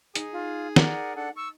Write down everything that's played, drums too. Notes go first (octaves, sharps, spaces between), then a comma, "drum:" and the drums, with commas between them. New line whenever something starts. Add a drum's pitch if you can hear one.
D#4 G#4, drum: hi-hat
F4
A#4 D5 F#5, drum: snare
D4 A4 F#5
C#6 E6